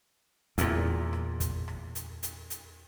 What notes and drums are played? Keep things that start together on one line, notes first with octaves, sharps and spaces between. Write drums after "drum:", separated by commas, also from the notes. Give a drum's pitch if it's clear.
E2 A#2, drum: hi-hat
drum: rim click
drum: kick, hi-hat
drum: rim click
drum: hi-hat
drum: hi-hat
drum: hi-hat